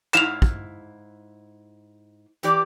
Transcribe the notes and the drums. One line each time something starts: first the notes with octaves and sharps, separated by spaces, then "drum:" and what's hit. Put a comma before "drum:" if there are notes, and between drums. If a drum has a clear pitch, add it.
G#2 E4 F5 E7 F7, drum: clap
drum: kick
E3 G4 D5, drum: hi-hat